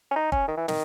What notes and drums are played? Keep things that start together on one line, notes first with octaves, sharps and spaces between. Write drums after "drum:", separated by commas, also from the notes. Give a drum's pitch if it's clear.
C#4
D#4
C#4, drum: kick
D#3
E3
D#3, drum: snare